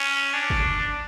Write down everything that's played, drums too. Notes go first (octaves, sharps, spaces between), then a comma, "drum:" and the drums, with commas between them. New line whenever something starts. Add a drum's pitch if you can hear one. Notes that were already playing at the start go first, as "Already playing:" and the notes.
Already playing: C#4
D4
drum: kick